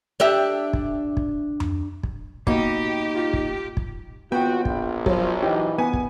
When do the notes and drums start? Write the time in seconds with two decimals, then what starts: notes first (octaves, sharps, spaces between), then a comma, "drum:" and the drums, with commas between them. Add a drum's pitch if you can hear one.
0.20 D4 G4 E5
0.73 drum: kick
1.17 drum: kick
1.60 drum: tom F2
2.03 drum: kick
2.47 B2 A#3 D#4 G4, drum: kick
3.15 F4
3.33 drum: kick
3.77 drum: kick
4.32 G#1 D#2 B3 F4 F#4 G5
4.65 A#1, drum: kick
5.06 F3 F#3, drum: kick
5.43 E3 D#4 G4
5.78 B3 G#5
5.94 drum: kick